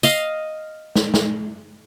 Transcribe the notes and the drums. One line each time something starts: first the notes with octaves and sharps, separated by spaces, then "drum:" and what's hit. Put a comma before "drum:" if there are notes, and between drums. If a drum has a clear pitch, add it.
D#5 F5, drum: tambourine
drum: snare
drum: snare